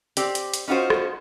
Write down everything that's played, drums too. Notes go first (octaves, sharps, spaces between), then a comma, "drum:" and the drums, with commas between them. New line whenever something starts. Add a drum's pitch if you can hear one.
C4 G4 D5, drum: hi-hat
drum: hi-hat
drum: hi-hat
C#4 D#4 F4 F#4 C5
drum: rim click